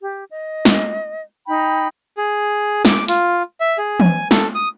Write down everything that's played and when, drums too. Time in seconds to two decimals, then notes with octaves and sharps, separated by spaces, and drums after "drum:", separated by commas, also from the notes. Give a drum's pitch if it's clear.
0.01 G4
0.29 D#5
0.65 drum: snare
1.47 D#4 G5 B5
2.17 G#4
2.85 D6, drum: snare
3.08 F4, drum: hi-hat
3.60 E5
3.78 G#4
4.00 G#5, drum: tom E3
4.31 A4, drum: snare
4.55 D#6